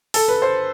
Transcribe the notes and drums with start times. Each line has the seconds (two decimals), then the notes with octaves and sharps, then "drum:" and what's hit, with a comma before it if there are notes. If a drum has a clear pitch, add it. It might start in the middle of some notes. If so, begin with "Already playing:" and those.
0.14 A4, drum: open hi-hat
0.28 B4
0.42 C5